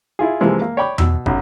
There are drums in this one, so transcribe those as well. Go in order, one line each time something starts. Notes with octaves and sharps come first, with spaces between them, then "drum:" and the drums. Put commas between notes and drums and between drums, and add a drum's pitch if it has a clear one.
E4 F4 G#4
C3 E3 F3 G#3 A#3
A#3
C#5 D5 G5 B5 D6
B2 E6, drum: tom E2
B1 F#2, drum: kick